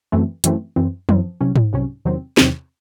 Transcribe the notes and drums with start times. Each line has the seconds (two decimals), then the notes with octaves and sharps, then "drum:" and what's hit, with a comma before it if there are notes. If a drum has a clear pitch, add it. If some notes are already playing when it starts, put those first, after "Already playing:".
0.12 F#2 E3 A3 C4
0.44 F#2 E3 A3 C4, drum: hi-hat
0.76 F#2 E3 C4
1.09 F#2 E3 C4, drum: tom F3
1.41 C2 C3 F#3 C#4
1.56 drum: tom G#2
1.73 C2 C3 F#3 C#4
2.05 E2 C3 D#3 F#3 C4
2.37 E2 C3 D#3 F#3 C4, drum: snare